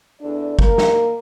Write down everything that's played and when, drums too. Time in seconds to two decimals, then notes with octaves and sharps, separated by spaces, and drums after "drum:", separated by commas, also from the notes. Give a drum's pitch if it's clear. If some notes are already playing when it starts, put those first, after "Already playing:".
0.21 E2 D4 A4 D5
0.59 A#3 A#4, drum: kick
0.78 drum: snare